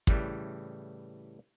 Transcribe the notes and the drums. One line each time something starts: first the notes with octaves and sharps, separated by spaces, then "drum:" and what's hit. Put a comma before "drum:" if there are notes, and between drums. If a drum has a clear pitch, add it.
A2 C#3 E3 G3, drum: kick